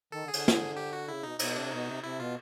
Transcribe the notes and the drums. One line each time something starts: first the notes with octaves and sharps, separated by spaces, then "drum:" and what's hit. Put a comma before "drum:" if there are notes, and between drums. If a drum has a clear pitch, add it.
D#3 A4
D3
G#4
D3, drum: cymbal
drum: snare
G4
F#4
C#3 E4
B2 D#4
B2 D#4, drum: cymbal
C3 D4
B2 D#4
C3
C3 E4
B2 F4